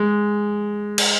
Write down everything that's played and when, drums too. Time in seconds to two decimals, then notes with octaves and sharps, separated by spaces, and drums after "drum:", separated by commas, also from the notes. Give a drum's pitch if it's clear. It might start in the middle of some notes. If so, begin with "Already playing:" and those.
Already playing: G#3
0.98 drum: cymbal